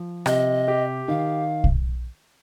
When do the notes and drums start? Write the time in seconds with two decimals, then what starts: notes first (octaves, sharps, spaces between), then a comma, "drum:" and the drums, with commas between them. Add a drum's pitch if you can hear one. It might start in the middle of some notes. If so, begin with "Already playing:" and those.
Already playing: F3
0.26 C3 D#5, drum: rim click
0.68 G4
1.08 D#3 F5
1.64 drum: kick